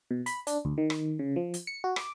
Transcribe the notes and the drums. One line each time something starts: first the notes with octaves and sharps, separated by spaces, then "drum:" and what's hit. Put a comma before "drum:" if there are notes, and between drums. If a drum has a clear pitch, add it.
B2
B5, drum: hi-hat
D4, drum: hi-hat
D2
D#3
drum: rim click
C#3
F3
drum: hi-hat
C#7
F#4
D6, drum: rim click